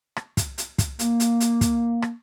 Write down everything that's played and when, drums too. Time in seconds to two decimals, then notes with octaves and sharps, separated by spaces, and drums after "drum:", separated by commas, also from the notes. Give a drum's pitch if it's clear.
0.16 drum: rim click
0.37 drum: kick, hi-hat
0.58 drum: hi-hat
0.78 drum: kick, hi-hat
0.99 A#3, drum: hi-hat
1.20 drum: hi-hat
1.40 drum: hi-hat
1.61 drum: kick, hi-hat
2.02 drum: rim click